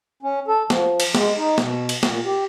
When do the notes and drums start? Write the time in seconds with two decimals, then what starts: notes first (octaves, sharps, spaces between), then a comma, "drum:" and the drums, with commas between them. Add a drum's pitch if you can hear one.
0.23 C#4
0.48 A4
0.70 F3, drum: snare
1.00 drum: cymbal
1.15 G#3, drum: snare
1.37 D#4
1.58 B2, drum: snare
1.89 drum: cymbal
2.03 A#2, drum: snare
2.25 G4